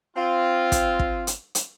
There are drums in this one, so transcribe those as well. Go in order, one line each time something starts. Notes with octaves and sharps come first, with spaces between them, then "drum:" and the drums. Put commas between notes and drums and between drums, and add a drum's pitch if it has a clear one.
C4 F4
drum: kick, hi-hat
drum: kick
drum: hi-hat
drum: hi-hat